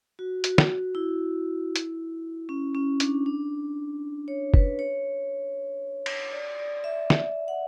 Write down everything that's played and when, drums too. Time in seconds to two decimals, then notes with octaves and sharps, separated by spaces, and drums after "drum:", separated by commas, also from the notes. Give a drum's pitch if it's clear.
0.19 F#4
0.44 F#4, drum: hi-hat
0.58 drum: snare
0.95 E4
1.76 drum: hi-hat
2.49 C#4
2.75 C#4
3.00 D4, drum: hi-hat
3.26 D4
4.28 C#5
4.54 B4, drum: kick F#1
4.79 C#5
6.06 drum: cymbal
6.32 D5
6.59 D5
6.84 E5
7.10 E5, drum: snare
7.48 F#5